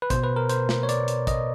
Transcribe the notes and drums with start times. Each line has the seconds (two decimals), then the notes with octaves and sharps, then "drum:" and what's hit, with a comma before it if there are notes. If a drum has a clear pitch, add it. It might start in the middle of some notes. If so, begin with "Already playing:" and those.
0.02 B4
0.10 B2 C5, drum: kick, hi-hat
0.24 B4
0.36 A#4
0.49 C5, drum: hi-hat
0.69 drum: snare
0.83 C#5
0.89 D5, drum: hi-hat
1.08 drum: hi-hat
1.27 D#5, drum: kick, hi-hat